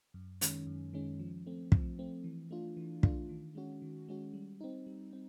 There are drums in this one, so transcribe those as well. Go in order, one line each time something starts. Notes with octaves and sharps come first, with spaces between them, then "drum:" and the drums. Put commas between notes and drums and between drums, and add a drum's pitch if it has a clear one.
F#2
D#3 G#3 C#4, drum: hi-hat
F#2
D#3 G#3 C#4
F3
A3 C4
F3, drum: kick
A3 C4
E3
A3 D4 F4
E3
A3 D4 F4, drum: kick
D#3
G#3 C#4 F#4
D#3
G#3 C#4 F#4
G3
C4 D#4
G3
C4